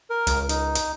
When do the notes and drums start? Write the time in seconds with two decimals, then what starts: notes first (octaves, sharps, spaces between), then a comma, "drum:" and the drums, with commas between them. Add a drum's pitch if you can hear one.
0.10 A#4
0.27 C#2, drum: hi-hat
0.49 D#4, drum: hi-hat
0.75 drum: hi-hat